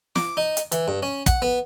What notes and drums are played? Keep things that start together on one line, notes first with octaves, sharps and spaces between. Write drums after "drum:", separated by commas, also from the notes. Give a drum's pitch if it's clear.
D6, drum: snare
D#4
drum: hi-hat
E3, drum: hi-hat
G2
C#4
F#5, drum: kick, hi-hat
B3